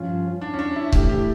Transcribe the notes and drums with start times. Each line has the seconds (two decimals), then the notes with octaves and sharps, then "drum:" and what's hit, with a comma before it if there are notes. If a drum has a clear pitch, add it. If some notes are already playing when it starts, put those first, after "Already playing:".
Already playing: G2 F3 C#4 F4
0.41 D4
0.54 C#4
0.59 D4
0.76 E4
0.92 A2 E3 A3 E4 G4, drum: kick C#1
1.10 G4